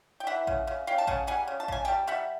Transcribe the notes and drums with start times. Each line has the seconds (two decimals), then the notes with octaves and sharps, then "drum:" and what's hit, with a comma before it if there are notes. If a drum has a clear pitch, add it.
0.20 G5
0.27 E3 E5 F#5
0.47 C#3, drum: kick A1
0.67 C#3
0.87 C#3 F5 G5
0.98 A5
1.07 C#3 F#5 G#5, drum: kick A1
1.27 G3 F#5 G#5
1.48 C#3
1.60 A5
1.68 C#3 G#5, drum: kick A1
1.85 G3 G5 A5
2.07 G3 E5 F#5